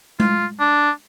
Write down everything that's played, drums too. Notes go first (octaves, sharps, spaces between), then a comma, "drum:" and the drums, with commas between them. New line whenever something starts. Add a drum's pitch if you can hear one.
F4, drum: tom G#3
D4